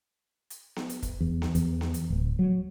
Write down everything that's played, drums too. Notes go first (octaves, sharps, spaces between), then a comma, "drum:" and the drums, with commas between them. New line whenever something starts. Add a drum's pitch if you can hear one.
drum: hi-hat
drum: snare B3
drum: hi-hat
drum: kick, hi-hat
E2
drum: snare B3
E2, drum: hi-hat
drum: snare B3
drum: hi-hat
D1
F#3